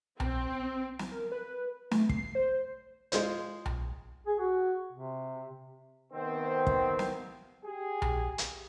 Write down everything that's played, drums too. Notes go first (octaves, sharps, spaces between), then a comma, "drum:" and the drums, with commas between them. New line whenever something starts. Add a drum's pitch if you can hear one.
C4, drum: tom B1
drum: snare
A#4
B4
A3, drum: snare
C7, drum: kick
C5
G#3 F4 C5, drum: hi-hat
drum: tom B1
G#4
F#4
C3
C3 D#3 B3 C4
drum: kick
drum: snare
G4 G#4
drum: tom B1
drum: hi-hat